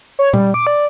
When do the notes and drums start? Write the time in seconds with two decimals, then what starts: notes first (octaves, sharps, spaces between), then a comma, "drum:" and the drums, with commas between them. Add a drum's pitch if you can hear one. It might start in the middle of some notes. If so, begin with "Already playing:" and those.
0.19 C#5
0.33 G3, drum: tom A#2
0.54 D6
0.67 D5